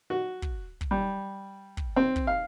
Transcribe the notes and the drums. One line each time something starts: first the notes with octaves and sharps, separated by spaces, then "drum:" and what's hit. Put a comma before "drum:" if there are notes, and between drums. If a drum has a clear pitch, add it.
F#4
drum: kick
drum: kick
G3
drum: kick
C4
drum: kick
F5